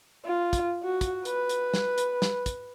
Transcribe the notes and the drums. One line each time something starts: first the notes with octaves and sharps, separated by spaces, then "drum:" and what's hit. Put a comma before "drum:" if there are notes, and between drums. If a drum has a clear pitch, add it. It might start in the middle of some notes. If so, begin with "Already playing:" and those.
F4
drum: kick, hi-hat
F#4
drum: kick, hi-hat
B4, drum: hi-hat
drum: hi-hat
drum: snare
drum: hi-hat
drum: snare
drum: kick, hi-hat